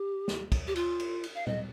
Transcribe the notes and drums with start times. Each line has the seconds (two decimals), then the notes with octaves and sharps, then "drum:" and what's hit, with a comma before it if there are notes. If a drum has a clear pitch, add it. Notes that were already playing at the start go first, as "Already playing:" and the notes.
Already playing: G4
0.28 drum: snare
0.52 drum: kick, cymbal
0.67 G4
0.76 F4, drum: cymbal
1.00 drum: cymbal
1.23 drum: cymbal
1.35 F5
1.47 D#5, drum: tom A#2